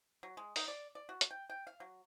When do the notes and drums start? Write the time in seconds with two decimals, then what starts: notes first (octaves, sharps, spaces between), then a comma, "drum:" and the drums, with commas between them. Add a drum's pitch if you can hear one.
0.23 F#3
0.37 G#3
0.56 D#4, drum: open hi-hat
0.68 D5
0.95 D5
1.09 F#4
1.21 drum: hi-hat
1.31 G5
1.50 G5
1.67 F5
1.80 F#3